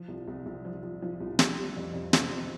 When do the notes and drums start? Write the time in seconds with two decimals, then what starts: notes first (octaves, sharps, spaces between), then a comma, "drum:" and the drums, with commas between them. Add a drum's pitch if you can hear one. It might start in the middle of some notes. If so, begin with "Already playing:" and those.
Already playing: F3
0.08 C2
0.28 C2
0.46 C2
0.65 F3
0.83 F3
1.02 F3
1.20 C2
1.39 G3, drum: snare
1.58 G3
1.77 F2
1.94 F2
2.13 C3, drum: snare
2.32 F2